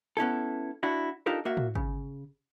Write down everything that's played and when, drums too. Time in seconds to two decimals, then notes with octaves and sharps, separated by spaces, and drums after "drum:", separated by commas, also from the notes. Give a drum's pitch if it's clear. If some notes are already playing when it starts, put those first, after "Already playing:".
0.17 B3 C#4 E4 A4
0.83 D4 E4 F#4
1.26 D4 D#4 F4 G4 A4 A#4
1.45 A#3 F#4 E5
1.57 drum: tom
1.75 C#3, drum: kick